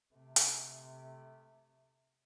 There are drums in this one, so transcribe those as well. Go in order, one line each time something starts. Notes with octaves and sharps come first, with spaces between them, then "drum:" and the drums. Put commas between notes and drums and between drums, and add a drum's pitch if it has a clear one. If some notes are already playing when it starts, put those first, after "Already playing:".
C3 A3
drum: hi-hat